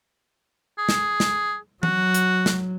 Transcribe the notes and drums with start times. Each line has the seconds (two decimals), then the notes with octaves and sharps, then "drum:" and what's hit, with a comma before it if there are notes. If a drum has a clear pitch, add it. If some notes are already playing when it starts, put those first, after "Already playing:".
0.78 G#4
0.89 drum: snare
1.20 drum: snare
1.83 F#3 F#4, drum: tom E3
2.14 drum: hi-hat
2.46 drum: snare